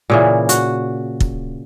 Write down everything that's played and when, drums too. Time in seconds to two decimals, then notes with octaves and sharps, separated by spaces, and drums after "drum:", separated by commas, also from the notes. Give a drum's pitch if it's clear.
0.10 A#2 C#3 E3
0.49 F#4, drum: hi-hat
1.20 drum: kick